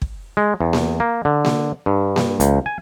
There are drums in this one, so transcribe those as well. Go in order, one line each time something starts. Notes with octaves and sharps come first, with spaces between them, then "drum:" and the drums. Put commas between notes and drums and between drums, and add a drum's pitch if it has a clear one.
drum: kick
G#3
E2
drum: snare A#3
A#3
D3
drum: snare A#3
G2
drum: snare A#3
C#2, drum: hi-hat
G#5